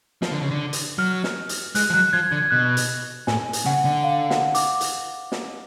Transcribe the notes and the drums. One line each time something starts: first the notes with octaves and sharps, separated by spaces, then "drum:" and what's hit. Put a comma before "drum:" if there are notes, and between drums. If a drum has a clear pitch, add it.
F3, drum: snare
D3
C#3
D3
drum: hi-hat
F#3 F6
drum: snare
drum: hi-hat
G#3 F#6, drum: hi-hat
F3
F#3 F#6
F3 G#6
D3 G#6
B2 F#6
drum: hi-hat
A2 G#5, drum: snare
drum: hi-hat
C#3 F#5
D3
F5
F#5, drum: snare
D6, drum: hi-hat
drum: hi-hat
drum: snare